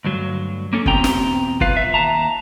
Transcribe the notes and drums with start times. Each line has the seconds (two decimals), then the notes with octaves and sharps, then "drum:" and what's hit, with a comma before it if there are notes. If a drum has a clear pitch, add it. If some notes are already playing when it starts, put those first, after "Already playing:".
0.05 D2 G2 F#3
0.73 A#3 C#4 A4
0.86 E2 B2 E3 C4 G5 A#5, drum: kick
1.04 drum: snare
1.61 B1 F4 B4 F5, drum: kick
1.77 E5
1.94 D#2 D#3 A5 A#5